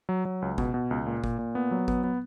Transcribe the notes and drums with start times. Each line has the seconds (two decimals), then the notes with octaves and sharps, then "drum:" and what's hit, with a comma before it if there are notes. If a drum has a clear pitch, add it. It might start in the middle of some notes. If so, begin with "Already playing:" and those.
0.09 F#3
0.25 F#3
0.42 C#2
0.58 B2, drum: kick G1
0.74 B2
0.91 C#2
1.07 A#2
1.24 A#2, drum: kick G1
1.39 A#2
1.55 B3
1.71 F#3
1.88 B3, drum: kick G1
2.04 B3